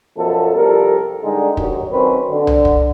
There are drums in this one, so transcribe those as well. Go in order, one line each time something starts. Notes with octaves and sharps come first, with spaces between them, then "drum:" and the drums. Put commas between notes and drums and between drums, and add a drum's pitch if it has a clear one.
F#2 B2 F3 A4
C2 F3 G3 A4 A#4
D3 G3 G#3 D4 D#4
D#2 F#3, drum: kick
D#3 F#3 C4 C#4 D#4 B4
D3
drum: tom C2
drum: kick